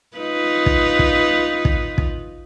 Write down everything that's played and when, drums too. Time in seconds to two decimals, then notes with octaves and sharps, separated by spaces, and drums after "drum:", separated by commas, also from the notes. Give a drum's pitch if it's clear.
0.17 D#4 F4 B4
0.66 drum: kick
0.99 drum: kick
1.65 drum: kick
1.98 drum: kick